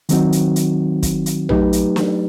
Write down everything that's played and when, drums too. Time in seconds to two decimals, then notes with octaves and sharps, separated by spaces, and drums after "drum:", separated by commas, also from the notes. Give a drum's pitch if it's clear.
0.09 D#3 F#3 C4 D#4 F#4, drum: hi-hat
0.32 drum: hi-hat
0.56 drum: hi-hat
1.03 drum: kick, hi-hat
1.26 drum: hi-hat
1.49 F#3 A3 D#4 G4 B4, drum: tom A#1
1.73 drum: hi-hat
1.96 drum: snare